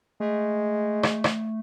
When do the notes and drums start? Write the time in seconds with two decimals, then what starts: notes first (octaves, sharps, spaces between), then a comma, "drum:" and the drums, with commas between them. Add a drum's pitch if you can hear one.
0.20 G#3 A3
1.03 drum: rim click
1.24 drum: rim click